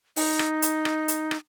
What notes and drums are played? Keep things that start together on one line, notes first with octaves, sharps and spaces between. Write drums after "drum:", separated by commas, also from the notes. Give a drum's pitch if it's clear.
D#4, drum: open hi-hat
drum: rim click
drum: hi-hat
drum: rim click
drum: hi-hat
drum: rim click